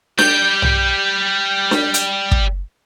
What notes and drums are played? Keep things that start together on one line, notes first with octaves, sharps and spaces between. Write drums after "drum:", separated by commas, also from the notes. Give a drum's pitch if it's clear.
G3 G4 G6, drum: snare D4
drum: tom B1
drum: snare D4
drum: hi-hat
drum: kick